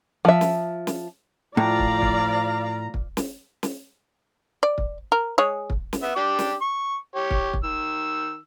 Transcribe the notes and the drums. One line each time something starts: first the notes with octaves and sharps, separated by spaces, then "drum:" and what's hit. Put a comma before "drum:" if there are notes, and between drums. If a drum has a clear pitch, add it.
F3 E5
drum: snare
drum: snare
A2 F3 D5 F5 A#5
drum: kick
drum: kick
drum: kick
drum: snare
drum: snare
D5
drum: kick
A#4
G#3 G#4 C#5
drum: kick
drum: snare
B3 E5
D4 G4 D6
drum: snare
C#6
G4 C#5
drum: kick
drum: kick
D#3 E6